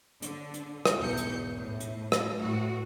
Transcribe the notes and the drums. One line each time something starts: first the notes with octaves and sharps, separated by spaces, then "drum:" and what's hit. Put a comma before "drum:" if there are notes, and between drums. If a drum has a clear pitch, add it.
D3, drum: hi-hat
drum: hi-hat
drum: rim click
B1 E2 G#2 G6 C#7
drum: hi-hat
A2
drum: hi-hat
drum: rim click
A2 F#4